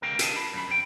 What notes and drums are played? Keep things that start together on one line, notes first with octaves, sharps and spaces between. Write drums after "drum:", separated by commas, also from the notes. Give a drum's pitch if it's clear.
C#2 B2 D3 A#4 F5 G5
A#4 B4 D#5 F5 F#5 A5, drum: hi-hat
D4 B5
F#2 B2 B5
F2 G5